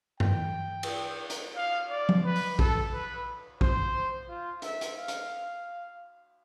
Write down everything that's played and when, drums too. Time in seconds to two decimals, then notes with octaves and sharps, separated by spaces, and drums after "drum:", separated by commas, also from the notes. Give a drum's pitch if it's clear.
0.20 G5, drum: tom G2
0.83 drum: cymbal
1.30 drum: hi-hat
1.56 F5
1.90 D5
2.09 drum: tom F3
2.24 B4
2.36 drum: open hi-hat
2.59 A4, drum: kick
2.92 B4
3.61 C5, drum: kick
4.28 F4
4.62 E5, drum: hi-hat
4.81 drum: hi-hat
4.97 F5
5.08 drum: hi-hat